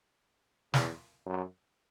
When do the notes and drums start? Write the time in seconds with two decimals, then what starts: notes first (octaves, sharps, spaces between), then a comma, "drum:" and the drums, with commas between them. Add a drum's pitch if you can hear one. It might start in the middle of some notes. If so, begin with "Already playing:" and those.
0.74 E2, drum: snare
1.26 F#2